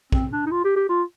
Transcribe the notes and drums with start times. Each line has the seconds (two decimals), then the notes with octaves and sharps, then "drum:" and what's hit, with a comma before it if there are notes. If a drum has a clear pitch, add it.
0.12 C4, drum: kick
0.32 D4
0.46 D#4
0.51 F4
0.64 G4
0.76 G4
0.89 F4